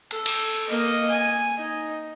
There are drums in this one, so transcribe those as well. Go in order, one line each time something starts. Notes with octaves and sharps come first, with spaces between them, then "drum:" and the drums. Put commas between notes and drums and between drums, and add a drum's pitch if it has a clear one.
A4, drum: hi-hat
drum: cymbal
A#3 D#5
G#5
D#4